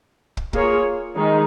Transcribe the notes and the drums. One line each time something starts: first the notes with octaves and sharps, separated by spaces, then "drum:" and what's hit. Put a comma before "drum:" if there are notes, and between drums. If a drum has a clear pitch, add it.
drum: kick
A#3 F4 G#4 C#5, drum: kick
D#3 G#3 D#4 G#4